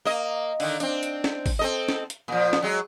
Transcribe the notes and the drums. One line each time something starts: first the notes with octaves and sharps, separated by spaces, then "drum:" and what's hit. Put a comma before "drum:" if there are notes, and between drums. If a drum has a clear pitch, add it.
A#3 D#5
D3 D#3, drum: open hi-hat
C4 D4, drum: hi-hat
drum: hi-hat
drum: snare
drum: kick G#1, open hi-hat
C4 A4 D#5
drum: snare
drum: hi-hat
A#2 F3
drum: snare
F#3 G#3